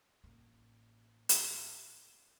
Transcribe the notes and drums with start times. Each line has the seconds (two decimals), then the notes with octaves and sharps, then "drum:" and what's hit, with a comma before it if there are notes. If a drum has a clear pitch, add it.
0.24 A1 A#3
1.29 drum: hi-hat